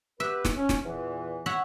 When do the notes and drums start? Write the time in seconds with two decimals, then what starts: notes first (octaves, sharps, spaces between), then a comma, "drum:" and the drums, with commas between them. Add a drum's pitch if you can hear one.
0.20 B3 G4 B4 E5
0.45 drum: snare
0.57 C#4
0.69 drum: snare
0.85 E2 A#2 E3
1.46 C#5 E5 F#5